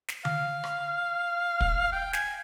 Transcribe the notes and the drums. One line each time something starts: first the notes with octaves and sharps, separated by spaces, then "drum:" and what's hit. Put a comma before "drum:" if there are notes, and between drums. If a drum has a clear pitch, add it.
drum: snare
F5, drum: tom D3
drum: rim click
drum: kick
G5
G#5, drum: snare